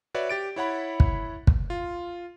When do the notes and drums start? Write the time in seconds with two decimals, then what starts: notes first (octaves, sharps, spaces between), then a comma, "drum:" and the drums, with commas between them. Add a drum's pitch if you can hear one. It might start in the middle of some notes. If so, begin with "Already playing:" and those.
0.14 F#4 B4 C#5 D5 E5
0.29 G4 A6 D7
0.56 E4 C#5 F#5 B5
1.00 drum: kick
1.47 drum: kick
1.70 F4